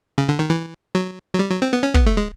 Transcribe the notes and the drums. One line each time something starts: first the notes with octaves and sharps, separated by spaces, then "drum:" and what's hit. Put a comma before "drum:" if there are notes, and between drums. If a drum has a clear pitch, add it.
C#3
D3
D#3
E3
F#3
F#3
G3
F#3
C4
B3
C#4
B3, drum: kick
A3
G#3